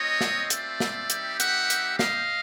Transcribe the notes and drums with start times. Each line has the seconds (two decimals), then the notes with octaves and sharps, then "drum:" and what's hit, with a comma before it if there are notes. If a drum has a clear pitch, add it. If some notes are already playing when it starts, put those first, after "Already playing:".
Already playing: A3 C4 F4 C#5 D#5
0.21 drum: snare
0.50 D5 E5, drum: hi-hat
0.80 drum: snare
1.10 G3 C4 D#4 G4, drum: hi-hat
1.40 E5 F#5, drum: hi-hat
1.70 drum: hi-hat
1.99 D#5 F5, drum: snare